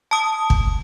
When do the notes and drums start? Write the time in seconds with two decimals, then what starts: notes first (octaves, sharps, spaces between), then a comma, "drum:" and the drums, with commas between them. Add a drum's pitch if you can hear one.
0.11 A5 D#6
0.50 drum: kick